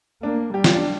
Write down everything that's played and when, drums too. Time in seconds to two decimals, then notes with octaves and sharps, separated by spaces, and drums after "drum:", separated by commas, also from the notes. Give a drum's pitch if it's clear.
0.23 A#3 D4
0.54 G3 G4
0.64 F4, drum: snare
0.75 D4